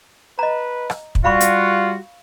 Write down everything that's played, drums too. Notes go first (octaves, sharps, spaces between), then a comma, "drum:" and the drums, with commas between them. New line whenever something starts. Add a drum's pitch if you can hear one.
B4 D#5 A#5
drum: rim click
drum: kick
G3 F4 F#4 F5 B5 C#6
drum: hi-hat